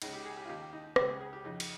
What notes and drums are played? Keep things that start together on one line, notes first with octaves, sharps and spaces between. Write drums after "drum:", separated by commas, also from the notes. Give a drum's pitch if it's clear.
C#2 C#3 D#4, drum: cymbal
G4
G#4
G4
F4
D#2 D#3 G4
D#4
C#2 C#3 G4, drum: rim click
G#4
G#4
G4
F2 C#3 D#4
drum: cymbal